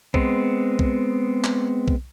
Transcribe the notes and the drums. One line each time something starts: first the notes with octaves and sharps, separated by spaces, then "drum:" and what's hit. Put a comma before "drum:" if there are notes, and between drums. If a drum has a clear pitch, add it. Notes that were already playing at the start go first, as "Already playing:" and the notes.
G#3 B3 C4, drum: kick B1
drum: kick B1
drum: clap
drum: kick B1